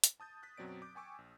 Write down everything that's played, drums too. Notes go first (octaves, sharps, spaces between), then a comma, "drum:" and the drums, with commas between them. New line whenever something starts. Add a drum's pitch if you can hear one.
drum: hi-hat
A5 D#6 G6 A6
F#6 G6 A6 B6
F#2 B2 F#3 C4 D5 D7
D6 G6
G5 G#5 C#6 D6 E6
A#1